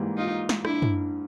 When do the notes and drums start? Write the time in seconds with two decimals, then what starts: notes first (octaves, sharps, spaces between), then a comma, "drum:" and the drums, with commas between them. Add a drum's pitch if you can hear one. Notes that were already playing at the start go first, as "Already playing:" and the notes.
Already playing: G#2 E3 G3 A#3
0.17 D#4 F4
0.49 drum: snare
0.65 D4 E4, drum: rim click
0.82 drum: tom